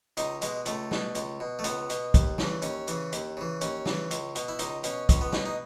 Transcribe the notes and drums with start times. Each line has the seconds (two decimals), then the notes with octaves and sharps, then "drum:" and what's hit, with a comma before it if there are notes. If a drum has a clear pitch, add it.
0.17 C#2 D#4, drum: hi-hat
0.42 B2 G#3, drum: hi-hat
0.66 C#2 A3, drum: hi-hat
0.91 B2, drum: snare
1.15 C#2, drum: hi-hat
1.40 B2
1.59 A3
1.64 C#2 B3, drum: hi-hat
1.90 B2, drum: hi-hat
2.14 D#2, drum: kick, hi-hat
2.38 C#3 E3, drum: snare
2.62 D#2 C#4, drum: hi-hat
2.88 C#3 E3, drum: hi-hat
3.13 D#2, drum: hi-hat
3.37 C#3 E3
3.61 D#2 C#4, drum: hi-hat
3.86 C#3 E3, drum: snare
4.11 C#2, drum: hi-hat
4.35 B2, drum: hi-hat
4.48 E4
4.59 C#2 D#4, drum: hi-hat
4.84 B2 C#4, drum: hi-hat
5.09 C#2 C#4, drum: kick, hi-hat
5.21 B3
5.33 B2 C#4, drum: snare
5.46 D#4